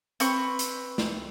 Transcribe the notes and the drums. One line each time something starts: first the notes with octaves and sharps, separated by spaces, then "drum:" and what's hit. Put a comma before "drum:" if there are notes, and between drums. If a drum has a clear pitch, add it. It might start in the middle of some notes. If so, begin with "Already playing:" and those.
C4 B4 C#6, drum: hi-hat
drum: hi-hat
drum: snare